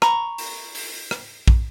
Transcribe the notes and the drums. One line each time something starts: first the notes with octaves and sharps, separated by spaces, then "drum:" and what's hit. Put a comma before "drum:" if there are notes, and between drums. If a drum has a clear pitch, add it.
A#5 B5 C#6, drum: rim click
drum: open hi-hat
drum: open hi-hat
drum: rim click
drum: kick A#1